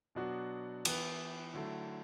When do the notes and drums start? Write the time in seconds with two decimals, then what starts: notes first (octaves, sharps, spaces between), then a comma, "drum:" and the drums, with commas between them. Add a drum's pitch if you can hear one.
0.15 B2 F#3 B3 D4 F#4
0.85 E3 B3 E4 B4, drum: cymbal
1.54 D3 F#3 A3 E4 A4